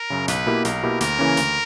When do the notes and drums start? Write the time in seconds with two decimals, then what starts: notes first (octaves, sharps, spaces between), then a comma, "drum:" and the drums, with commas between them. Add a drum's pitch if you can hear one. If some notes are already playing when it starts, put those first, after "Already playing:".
Already playing: A#4
0.10 F#2 C#3
0.28 B1 B4, drum: hi-hat
0.46 B2 A#3 E4 G4
0.65 B1 A#4, drum: hi-hat
0.83 B2 A#3 E4 G4
1.01 D2 A#4, drum: hi-hat
1.19 C#3 E3 A#3 C#4
1.37 D2, drum: hi-hat